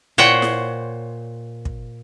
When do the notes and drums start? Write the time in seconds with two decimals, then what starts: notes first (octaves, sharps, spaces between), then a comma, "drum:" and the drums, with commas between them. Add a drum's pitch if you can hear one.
0.18 A#2 C5 C#5 F#5 G5, drum: snare E4
0.42 drum: snare E4
1.65 drum: kick